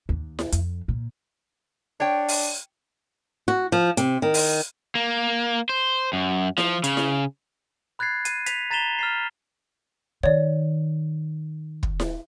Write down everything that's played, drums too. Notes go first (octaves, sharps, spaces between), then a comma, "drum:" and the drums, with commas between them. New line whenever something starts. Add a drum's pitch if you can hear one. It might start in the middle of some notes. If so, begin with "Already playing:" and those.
D#2
drum: snare E4
F2, drum: hi-hat
A#2
D4 C#5 G5
drum: open hi-hat
F#4
F3
C3, drum: hi-hat
D#3
drum: open hi-hat
A#3
C5
F#2
F3, drum: snare E4
C#3, drum: hi-hat
drum: snare E4
B5 F#6 G#6 A6 C7
D#7, drum: hi-hat
B6 F7, drum: hi-hat
A#5 A6 B6 E7 F7 G7
F6 A6 C7
D#3 C#5 D5
drum: kick
drum: snare E4